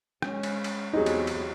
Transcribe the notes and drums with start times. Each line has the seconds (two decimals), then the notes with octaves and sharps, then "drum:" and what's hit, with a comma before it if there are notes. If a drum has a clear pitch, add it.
0.22 G#3 C#4, drum: rim click
0.43 drum: cymbal
0.64 drum: cymbal
0.93 E2 C3 F#3 D#4 G#4
1.06 drum: cymbal
1.27 drum: cymbal